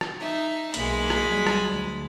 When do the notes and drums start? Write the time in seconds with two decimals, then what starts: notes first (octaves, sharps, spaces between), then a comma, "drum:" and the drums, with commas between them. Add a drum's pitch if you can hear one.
0.01 drum: rim click
0.20 D#4 E5
0.74 B1 G#3 A#3 B5, drum: hi-hat
1.10 drum: rim click
1.27 F#3 G3
1.47 drum: rim click
1.68 D2